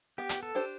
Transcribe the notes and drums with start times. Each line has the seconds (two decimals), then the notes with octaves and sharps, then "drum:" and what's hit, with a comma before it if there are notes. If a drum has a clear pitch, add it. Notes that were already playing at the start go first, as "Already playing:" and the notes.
0.18 B3 G4
0.29 drum: hi-hat
0.43 A4
0.55 D4 G4 C5